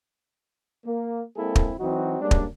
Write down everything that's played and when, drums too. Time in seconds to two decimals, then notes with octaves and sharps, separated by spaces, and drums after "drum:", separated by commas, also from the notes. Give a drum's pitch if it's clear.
0.86 A#3
1.37 G#3 A#3 C4 E4 G#4 A4
1.56 drum: kick
1.79 E3 F#3 C4 D#4 F#4
2.21 G3 G#3 A#3 C#4 D4
2.31 drum: kick